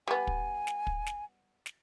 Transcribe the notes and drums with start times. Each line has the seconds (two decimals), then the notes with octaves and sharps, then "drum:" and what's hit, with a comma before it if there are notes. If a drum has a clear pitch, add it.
0.08 G3 B3 G#5
0.27 drum: kick
0.67 drum: snare
0.87 drum: kick
1.06 drum: snare
1.66 drum: snare